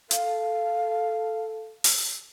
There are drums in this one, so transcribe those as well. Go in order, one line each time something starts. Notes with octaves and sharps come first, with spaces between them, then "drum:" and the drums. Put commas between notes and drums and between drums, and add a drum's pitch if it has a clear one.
A4 F5, drum: hi-hat
drum: open hi-hat